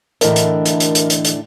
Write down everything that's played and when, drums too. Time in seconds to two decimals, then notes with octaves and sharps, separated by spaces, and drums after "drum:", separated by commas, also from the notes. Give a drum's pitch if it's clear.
0.21 A2 D3 E3 D4 A#4 D#5 E5, drum: hi-hat
0.36 drum: hi-hat
0.65 drum: hi-hat
0.80 drum: hi-hat
0.95 drum: hi-hat
1.10 drum: hi-hat
1.25 drum: hi-hat